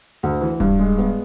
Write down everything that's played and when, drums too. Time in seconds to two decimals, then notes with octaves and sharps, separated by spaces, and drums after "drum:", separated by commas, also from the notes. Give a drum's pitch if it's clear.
0.23 D2, drum: hi-hat
0.41 E3
0.60 G2, drum: kick D1, hi-hat
0.79 G#3
0.98 B3, drum: hi-hat